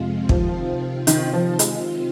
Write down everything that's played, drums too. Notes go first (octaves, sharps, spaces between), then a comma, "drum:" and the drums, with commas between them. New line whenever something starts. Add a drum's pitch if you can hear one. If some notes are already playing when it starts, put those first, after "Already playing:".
Already playing: F2 C3 F3 G#3 F4
C3 D#3 F3 C4 F4, drum: kick
D#3, drum: hi-hat
F3
G#3, drum: hi-hat